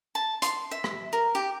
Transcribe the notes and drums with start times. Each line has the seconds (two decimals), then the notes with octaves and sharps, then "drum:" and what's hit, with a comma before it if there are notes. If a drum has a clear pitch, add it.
0.15 A5
0.42 C6, drum: hi-hat
0.71 E5
0.84 drum: rim click
1.13 A#4
1.35 G4